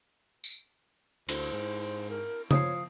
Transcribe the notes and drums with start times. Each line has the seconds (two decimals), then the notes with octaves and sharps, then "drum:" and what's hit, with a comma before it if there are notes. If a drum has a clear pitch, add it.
0.44 drum: tambourine
1.29 D2 C5, drum: cymbal
1.52 G#2
2.10 A#4
2.51 F3 C#5 D#6 C7, drum: tom